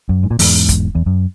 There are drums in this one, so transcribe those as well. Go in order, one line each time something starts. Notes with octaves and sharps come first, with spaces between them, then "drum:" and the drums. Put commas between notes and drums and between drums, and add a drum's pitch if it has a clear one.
F#2
G#2
A#2
E2 G#2, drum: open hi-hat
drum: kick, hi-hat
E2
F#2